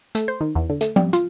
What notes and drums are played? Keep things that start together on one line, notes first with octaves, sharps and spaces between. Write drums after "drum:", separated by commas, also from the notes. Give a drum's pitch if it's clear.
A3, drum: hi-hat
C5
D#3
E2
D3
A3, drum: hi-hat
G3, drum: tom F3
F4, drum: hi-hat